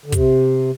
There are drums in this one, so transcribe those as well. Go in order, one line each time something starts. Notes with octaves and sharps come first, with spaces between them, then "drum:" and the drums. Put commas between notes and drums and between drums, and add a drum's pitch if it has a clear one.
D3
C3, drum: kick, hi-hat